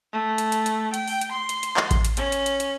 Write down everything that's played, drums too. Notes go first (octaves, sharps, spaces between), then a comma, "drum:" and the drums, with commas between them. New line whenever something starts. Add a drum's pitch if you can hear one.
A3
drum: hi-hat
drum: hi-hat
drum: hi-hat
G5, drum: hi-hat
drum: open hi-hat
drum: hi-hat
C6
drum: hi-hat
drum: hi-hat
drum: clap
drum: kick A1, hi-hat
drum: hi-hat
C#4, drum: hi-hat
drum: hi-hat
drum: hi-hat
drum: hi-hat